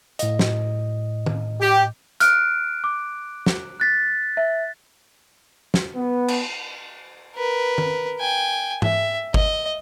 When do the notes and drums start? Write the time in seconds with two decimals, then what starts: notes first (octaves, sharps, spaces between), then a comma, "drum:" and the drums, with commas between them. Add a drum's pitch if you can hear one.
0.19 A2 D#5, drum: hi-hat
0.39 drum: snare
1.26 drum: tom
1.60 G4
2.20 F6 F#6 D7, drum: hi-hat
2.84 D6
3.46 drum: snare
3.80 F#6 A6 B6
4.37 E5
5.74 drum: snare
5.95 B3
6.28 drum: cymbal
7.36 A#4 B4
7.78 drum: tom
8.20 G5 G#5
8.82 E5, drum: tom G#2
9.34 D#5, drum: kick G1